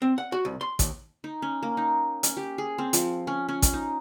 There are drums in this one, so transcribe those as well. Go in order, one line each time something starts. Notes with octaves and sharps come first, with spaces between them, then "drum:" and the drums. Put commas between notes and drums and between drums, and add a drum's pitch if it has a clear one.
C4
F#5
F#4
C2
C6
D#2, drum: kick, hi-hat
D#4
C#4
A#3
D#4
C#4, drum: hi-hat
G4
G#4
C4
F3, drum: hi-hat
C#4
C#4
drum: kick, hi-hat
D#4